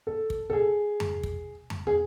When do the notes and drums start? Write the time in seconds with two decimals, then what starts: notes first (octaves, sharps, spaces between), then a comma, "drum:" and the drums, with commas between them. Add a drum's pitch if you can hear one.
0.07 A4
0.30 drum: kick
0.50 A4
0.53 G#4
1.00 drum: tom F2
1.23 drum: kick
1.70 drum: tom F2
1.87 G#4